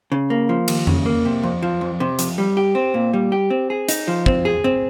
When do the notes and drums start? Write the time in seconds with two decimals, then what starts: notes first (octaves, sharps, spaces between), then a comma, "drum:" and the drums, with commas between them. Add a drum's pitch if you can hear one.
0.12 C#3
0.30 A#3
0.49 F3
0.68 D#2, drum: cymbal
0.87 C#3, drum: tom F2
1.06 A#3
1.25 C3
1.43 F2
1.63 F3
1.81 F2
2.00 C3
2.19 F2, drum: hi-hat
2.38 G3
2.57 G4
2.75 C4
2.94 A#2
3.13 G3
3.32 G4
3.50 C4
3.70 G#4
3.89 D#4, drum: hi-hat
4.08 F3
4.26 C4, drum: kick
4.45 G#4
4.64 C4